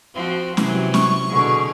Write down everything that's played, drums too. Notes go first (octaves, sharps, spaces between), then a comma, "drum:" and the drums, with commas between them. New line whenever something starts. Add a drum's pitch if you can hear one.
F3 C4 F#4
C3 E3 F#3, drum: snare
C#6, drum: snare
B2 D3 G#4